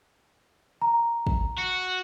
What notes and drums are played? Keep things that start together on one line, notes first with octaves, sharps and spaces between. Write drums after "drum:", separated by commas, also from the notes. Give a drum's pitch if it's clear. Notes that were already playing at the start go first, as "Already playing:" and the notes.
A#5
drum: kick
F#4 C#7